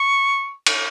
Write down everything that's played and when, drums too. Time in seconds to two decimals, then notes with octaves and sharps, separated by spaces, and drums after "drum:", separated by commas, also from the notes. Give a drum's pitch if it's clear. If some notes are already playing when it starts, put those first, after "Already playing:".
Already playing: C#6
0.67 drum: cymbal